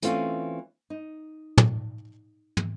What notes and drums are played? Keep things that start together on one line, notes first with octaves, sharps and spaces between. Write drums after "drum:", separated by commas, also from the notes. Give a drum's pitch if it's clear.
E3 A3 C4 C#4 F4, drum: hi-hat
D#4
drum: tom
drum: tom